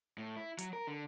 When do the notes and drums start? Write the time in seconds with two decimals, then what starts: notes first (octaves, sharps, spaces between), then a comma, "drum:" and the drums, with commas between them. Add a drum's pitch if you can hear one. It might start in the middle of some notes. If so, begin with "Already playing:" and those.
0.18 A2
0.37 E4
0.59 F#3, drum: hi-hat
0.73 A#4
0.87 D3